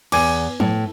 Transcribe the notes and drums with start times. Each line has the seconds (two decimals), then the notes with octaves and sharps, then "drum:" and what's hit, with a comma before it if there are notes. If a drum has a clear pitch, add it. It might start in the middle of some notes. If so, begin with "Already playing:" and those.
0.12 E2 G#5 D6, drum: cymbal
0.60 A2, drum: tom F3